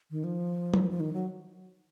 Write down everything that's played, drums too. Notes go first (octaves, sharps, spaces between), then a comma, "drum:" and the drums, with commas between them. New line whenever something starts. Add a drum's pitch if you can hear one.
D#3
F3
drum: tom
F3
D#3
F#3